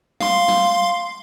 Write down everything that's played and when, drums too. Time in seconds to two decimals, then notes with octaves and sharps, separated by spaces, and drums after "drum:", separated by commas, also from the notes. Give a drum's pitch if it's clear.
0.21 F5 C6, drum: snare
0.48 drum: snare